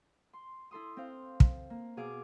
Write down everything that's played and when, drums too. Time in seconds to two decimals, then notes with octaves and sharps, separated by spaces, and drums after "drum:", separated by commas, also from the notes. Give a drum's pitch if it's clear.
0.33 C6
0.71 E4 A4 C6 D#6
0.97 C4 C5 F5
1.40 drum: kick
1.70 A#3
1.97 B2 G#4 F5 D6